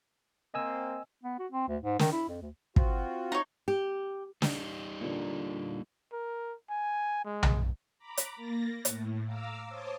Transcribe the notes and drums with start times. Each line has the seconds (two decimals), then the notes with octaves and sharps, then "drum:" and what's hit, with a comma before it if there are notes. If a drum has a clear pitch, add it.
0.54 A#3 C4 D#5 G#5 E6
1.23 B3
1.39 F#4
1.52 C4
1.69 D2
1.82 G#2
1.99 D#3, drum: snare
2.12 E4
2.29 F2
2.42 D2
2.76 C4 F4 F#4, drum: kick
3.32 D#4 C#5
3.68 G4
4.42 G3 D#4, drum: snare
5.01 A#2 D3
6.13 A#4
6.70 G#5
7.25 G#3
7.43 drum: tom B1
7.98 A#5 B5 D6
8.17 drum: hi-hat
8.36 A#3 A6 A#6
8.85 A2, drum: hi-hat
9.25 F5 A#5 D6 E6
9.68 C5 C#5 A5 D6 D#6